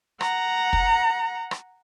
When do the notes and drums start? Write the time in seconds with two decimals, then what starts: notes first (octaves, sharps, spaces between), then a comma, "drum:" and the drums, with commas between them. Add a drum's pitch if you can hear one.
0.21 F#5 A#5, drum: rim click
0.73 drum: kick
1.51 drum: rim click